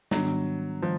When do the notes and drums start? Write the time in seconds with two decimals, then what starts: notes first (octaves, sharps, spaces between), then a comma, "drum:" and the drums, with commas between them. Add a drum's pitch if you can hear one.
0.11 G#2 D#3 F#3 G3 B3 D4, drum: snare
0.82 D#3 F3 G3